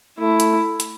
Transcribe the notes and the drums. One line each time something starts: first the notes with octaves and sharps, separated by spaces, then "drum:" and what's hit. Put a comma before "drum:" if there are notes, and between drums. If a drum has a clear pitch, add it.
A3 E4
drum: hi-hat
drum: hi-hat